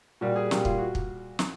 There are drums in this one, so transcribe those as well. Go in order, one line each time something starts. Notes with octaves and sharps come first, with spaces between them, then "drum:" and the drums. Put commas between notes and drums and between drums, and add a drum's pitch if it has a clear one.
A#2 G3 F#4
G#4
A#2 G3 G4, drum: snare
F4, drum: kick
F#4
drum: kick
drum: snare